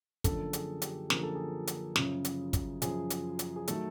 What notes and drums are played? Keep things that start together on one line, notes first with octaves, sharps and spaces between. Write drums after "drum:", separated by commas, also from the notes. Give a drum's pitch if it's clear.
F#2 D3 F3 A#3 A4, drum: kick, hi-hat
G#4, drum: hi-hat
G4, drum: hi-hat
F#2 D3 F3 A#3 G#4, drum: snare
A4
G#4
drum: hi-hat
F#2 C#3 F3, drum: snare
drum: hi-hat
drum: kick, hi-hat
F#2 C#3 F3 G#4, drum: hi-hat
drum: hi-hat
drum: hi-hat
G#4
D#3 F#3 A3 A4, drum: hi-hat